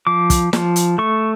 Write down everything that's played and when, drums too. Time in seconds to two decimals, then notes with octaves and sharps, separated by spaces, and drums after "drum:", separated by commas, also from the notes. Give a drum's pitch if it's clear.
0.07 F3 D6
0.30 drum: kick, hi-hat
0.53 F3, drum: snare
0.76 drum: hi-hat
0.98 A3 C#6